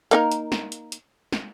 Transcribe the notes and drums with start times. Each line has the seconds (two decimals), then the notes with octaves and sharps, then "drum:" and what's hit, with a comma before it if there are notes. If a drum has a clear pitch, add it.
0.11 A#3 D#4 A#4, drum: hi-hat
0.32 drum: hi-hat
0.52 drum: snare
0.72 drum: hi-hat
0.92 drum: hi-hat
1.32 drum: snare